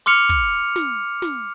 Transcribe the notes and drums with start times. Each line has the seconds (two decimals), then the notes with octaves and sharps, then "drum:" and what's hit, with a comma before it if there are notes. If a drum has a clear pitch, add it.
0.06 C6 D6 F6 C#7 F7
0.29 drum: kick
0.76 drum: snare
1.22 drum: snare